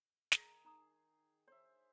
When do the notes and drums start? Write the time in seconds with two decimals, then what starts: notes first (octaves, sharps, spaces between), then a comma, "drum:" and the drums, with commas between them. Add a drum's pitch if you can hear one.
0.32 D#3 G#4, drum: snare
0.65 D#4 A#5 D#6
1.48 C5 C#5 E5